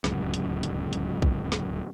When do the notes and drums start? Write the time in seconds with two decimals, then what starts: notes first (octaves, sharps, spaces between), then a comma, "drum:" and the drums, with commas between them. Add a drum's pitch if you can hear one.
0.04 D1 G#1 C#2 F#2, drum: snare
0.34 drum: hi-hat
0.63 drum: hi-hat
0.93 drum: hi-hat
1.22 drum: kick B1
1.52 drum: snare